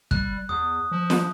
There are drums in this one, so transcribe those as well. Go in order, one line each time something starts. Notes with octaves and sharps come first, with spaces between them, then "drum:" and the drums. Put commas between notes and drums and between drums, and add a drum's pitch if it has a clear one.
G3 F#6, drum: kick
E2 D#6
F3
drum: snare